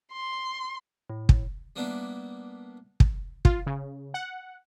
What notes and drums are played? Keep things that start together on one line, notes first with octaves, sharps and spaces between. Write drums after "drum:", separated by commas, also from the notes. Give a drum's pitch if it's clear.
C6
A2
drum: kick
G3 A#3 B3 D4 E4
drum: kick
F4, drum: kick
C#3
F#5